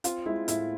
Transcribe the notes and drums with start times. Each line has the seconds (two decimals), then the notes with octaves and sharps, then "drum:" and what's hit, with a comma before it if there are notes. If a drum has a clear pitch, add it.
0.04 C4 F4, drum: hi-hat
0.26 G#3 E4
0.48 A2 E4, drum: hi-hat